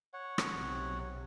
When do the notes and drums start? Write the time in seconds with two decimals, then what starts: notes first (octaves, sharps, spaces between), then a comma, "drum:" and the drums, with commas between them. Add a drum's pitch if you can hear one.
0.14 C#5 F#5
0.38 drum: rim click
0.51 B1 C3